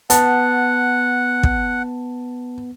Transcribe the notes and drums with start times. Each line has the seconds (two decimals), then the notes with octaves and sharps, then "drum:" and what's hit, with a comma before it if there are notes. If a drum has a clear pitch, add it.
0.10 B3 F#5 A5, drum: hi-hat
1.43 drum: kick